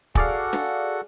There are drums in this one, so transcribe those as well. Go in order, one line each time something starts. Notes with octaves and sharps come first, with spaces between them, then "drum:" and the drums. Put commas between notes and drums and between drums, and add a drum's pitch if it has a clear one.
F#4 G#4 A4 D5 F5 F#5, drum: kick
drum: snare